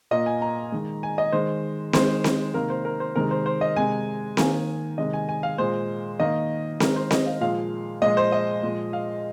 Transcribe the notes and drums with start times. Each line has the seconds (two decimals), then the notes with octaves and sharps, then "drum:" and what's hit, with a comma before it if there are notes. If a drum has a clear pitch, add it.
0.11 A#2 A#3 D#5
0.26 G#5
0.42 A#5
0.72 D#3 G#3
1.03 G#5
1.18 D#5
1.32 D#3 G#3 C5
1.93 D#3 G#3 C5, drum: snare C4
2.24 drum: snare C4
2.54 C3 D#3 A#3 A#4
2.70 C5
2.85 A#4
3.00 C5
3.15 C3 D#3 G#3 A#4
3.31 C5
3.46 C5
3.61 D#5
3.76 C3 G#3 G#5
4.37 D#3 A#3 G#5, drum: snare C4
4.98 C3 D#3 G#3 D#5
5.13 G#5
5.29 G#5
5.43 F5
5.58 A#2 G#3 C5
6.20 D#3 A#3 D#5
6.80 D#3 G#3 A#4, drum: snare C4
6.96 C5
7.11 D#5, drum: snare C4
7.26 F5
7.41 A#2 F3 G#3 F5
8.02 A#2 F3 G#3 D#5
8.17 C5
8.32 D#5
8.63 A#2 F3 G#3
8.93 F5